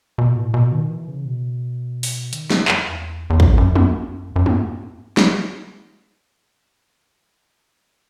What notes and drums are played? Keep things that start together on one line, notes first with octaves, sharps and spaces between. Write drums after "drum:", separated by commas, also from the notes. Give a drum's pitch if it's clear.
B2
A2
B2
D#3
E3
C#3
B2
drum: open hi-hat
D#3, drum: hi-hat
E3, drum: snare
F#2, drum: clap
E2
E2
F#2, drum: kick
F#2
F#2, drum: tom
F#2
G#2, drum: tom
drum: snare